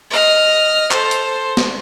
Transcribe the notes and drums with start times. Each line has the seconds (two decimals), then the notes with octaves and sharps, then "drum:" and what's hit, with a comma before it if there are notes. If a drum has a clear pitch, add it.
0.10 D#5 F6
0.91 A4 C5, drum: clap
1.11 drum: hi-hat
1.57 drum: snare